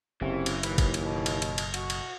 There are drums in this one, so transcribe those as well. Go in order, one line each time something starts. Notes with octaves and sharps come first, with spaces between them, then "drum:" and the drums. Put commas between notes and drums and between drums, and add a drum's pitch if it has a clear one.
F#1 C3 E3 C#4
drum: cymbal
D#2 B4, drum: cymbal
drum: kick G1, cymbal
drum: cymbal
B2
drum: cymbal
drum: cymbal
drum: cymbal
B2 F#4, drum: cymbal
drum: cymbal